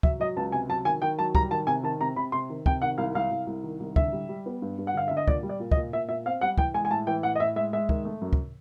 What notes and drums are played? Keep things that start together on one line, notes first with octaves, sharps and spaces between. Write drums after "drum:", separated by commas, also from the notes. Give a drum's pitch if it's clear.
F#3 E5, drum: kick
F#3 D#5
C#2 A5
C3 G#5
F#3 A5
D#3 G#5
D#3 G5
F#3 A5
G3 A#5, drum: kick
D#3 A5
C3 G#5
D#3 A5
C3 A#5
C3 B5
C3 C6
D#3
C3 G5, drum: kick
D#3 F#5
C2 F5
C2 F5
C2
C2
D#3
C2
D3 E5, drum: kick
G3
G3
B3
G2
G2
F#5
D3 F5
D3 E5
D#5
A#2 D5, drum: kick
G3
D5
A#2
D#5, drum: kick
A#2
A#2 E5
A#2 E5
C4 F5
G3 F#5
E3 G5, drum: kick
G#3 G#5
G#5
A2 A5
E3 G5
A2 F#5
D#5
A2 E5
G#3 E5
G#3 E5
D#3, drum: kick
A3
F#2
drum: kick